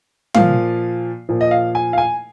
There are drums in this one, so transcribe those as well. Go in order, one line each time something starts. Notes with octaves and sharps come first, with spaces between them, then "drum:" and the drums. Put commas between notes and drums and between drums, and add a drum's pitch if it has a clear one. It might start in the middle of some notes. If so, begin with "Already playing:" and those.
A#2 F3 F5, drum: tom
A#2 F3
D#5
F5
G#5
F5
G#5